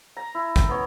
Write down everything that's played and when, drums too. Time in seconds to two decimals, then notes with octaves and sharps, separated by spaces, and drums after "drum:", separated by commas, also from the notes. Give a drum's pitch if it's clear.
0.17 A#5
0.35 E4
0.56 G5, drum: kick, hi-hat
0.69 B3 C#5